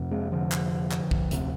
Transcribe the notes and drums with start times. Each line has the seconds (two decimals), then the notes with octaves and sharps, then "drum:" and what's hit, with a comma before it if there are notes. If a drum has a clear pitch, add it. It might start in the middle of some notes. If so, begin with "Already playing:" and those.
Already playing: F2 C3
0.11 G#3 C4
0.32 D3 F3
0.52 drum: clap
0.91 drum: clap
1.11 drum: kick
1.31 D2 C3, drum: hi-hat